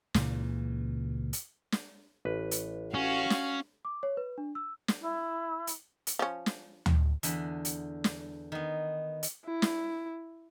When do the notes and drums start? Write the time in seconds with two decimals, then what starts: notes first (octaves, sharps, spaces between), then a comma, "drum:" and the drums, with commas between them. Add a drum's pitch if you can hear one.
0.14 C#2 A#2 C#3 E3, drum: snare
1.33 drum: hi-hat
1.72 drum: snare
2.25 A1 B4
2.51 drum: hi-hat
2.94 C#4 F#4 F5
3.30 drum: snare
3.85 D6
4.03 C#5
4.17 B4
4.38 D4
4.55 E6
4.88 drum: snare
5.01 E4
5.67 drum: hi-hat
6.07 drum: hi-hat
6.19 F3 C#4
6.46 drum: snare
6.86 drum: tom D2
7.23 E2 D3 B5, drum: hi-hat
7.65 drum: hi-hat
8.04 drum: snare
8.52 D#3 B3
9.23 drum: hi-hat
9.45 E4
9.62 drum: snare